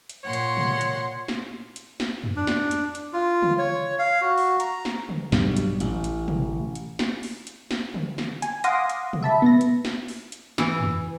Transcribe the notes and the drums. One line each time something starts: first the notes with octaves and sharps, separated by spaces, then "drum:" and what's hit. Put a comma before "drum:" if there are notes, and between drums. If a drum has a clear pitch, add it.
drum: hi-hat
A#2 C#5 F#5 C6
drum: hi-hat
drum: tom
drum: hi-hat
drum: snare
drum: hi-hat
drum: snare
drum: tom F2
D4
drum: snare
drum: hi-hat
drum: hi-hat
F4
drum: tom
C#5
F5
F#4
drum: open hi-hat
A#5, drum: hi-hat
drum: snare
drum: tom
B1 G2 B2 G3, drum: snare
drum: hi-hat
A1, drum: hi-hat
drum: hi-hat
drum: tom
drum: hi-hat
drum: snare
drum: open hi-hat
drum: hi-hat
drum: snare
drum: tom
drum: snare
G#5, drum: hi-hat
F5 F#5 C6 D6 D#6 A#6, drum: hi-hat
drum: hi-hat
drum: tom
E5 A5 B5
B3 A#6
drum: hi-hat
drum: snare
drum: open hi-hat
drum: hi-hat
E3, drum: snare
drum: tom F2